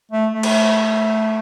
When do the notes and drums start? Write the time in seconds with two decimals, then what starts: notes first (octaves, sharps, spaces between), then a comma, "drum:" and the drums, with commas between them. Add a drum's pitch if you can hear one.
0.12 A3
0.33 A3
0.43 drum: cymbal